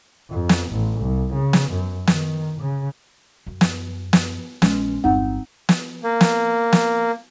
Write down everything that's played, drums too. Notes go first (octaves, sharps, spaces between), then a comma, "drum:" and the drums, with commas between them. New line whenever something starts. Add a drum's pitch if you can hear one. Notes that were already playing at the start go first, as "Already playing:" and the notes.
F2
drum: snare
A1
C2
C#3
drum: snare
F#2
D#3, drum: snare
C#3
F#2
drum: snare
drum: snare
A#1 G#3 C#4, drum: snare
G1 E2 C4 D#4 F#5
drum: snare
A#3
drum: snare
drum: snare